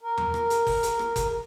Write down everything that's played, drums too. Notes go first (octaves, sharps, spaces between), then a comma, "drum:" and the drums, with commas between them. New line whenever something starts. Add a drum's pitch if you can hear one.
A#4
drum: tom E2
drum: rim click
drum: hi-hat
drum: kick F#1, open hi-hat
drum: hi-hat
drum: rim click
drum: kick F#1, hi-hat